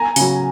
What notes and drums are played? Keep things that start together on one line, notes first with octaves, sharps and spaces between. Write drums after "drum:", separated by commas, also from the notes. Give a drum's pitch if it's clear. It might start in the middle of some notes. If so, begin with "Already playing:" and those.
Already playing: G#5 A#5
C#3 F#3, drum: open hi-hat